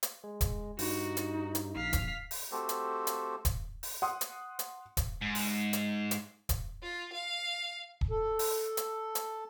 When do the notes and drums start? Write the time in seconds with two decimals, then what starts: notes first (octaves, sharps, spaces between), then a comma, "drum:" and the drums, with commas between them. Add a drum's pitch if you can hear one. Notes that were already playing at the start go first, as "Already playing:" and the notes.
0.03 drum: hi-hat
0.24 G#3
0.41 drum: kick, hi-hat
0.79 G2 D#4 F#4, drum: open hi-hat
1.17 drum: hi-hat
1.55 drum: hi-hat
1.76 A#1 F5 B6
1.93 drum: kick, hi-hat
2.31 drum: open hi-hat
2.52 A3 C4 F#4 G4 A4 C5
2.69 drum: hi-hat
3.07 drum: hi-hat
3.45 drum: kick, hi-hat
3.83 drum: open hi-hat
4.02 F#5 C6 D#6
4.21 drum: hi-hat
4.59 drum: hi-hat
4.97 drum: kick, hi-hat
5.21 G#2
5.35 drum: open hi-hat
5.73 drum: hi-hat
6.11 drum: hi-hat
6.49 drum: kick, hi-hat
6.82 F4
7.13 F5
8.01 drum: kick
8.10 A4
8.39 drum: open hi-hat
8.77 drum: hi-hat
9.15 drum: hi-hat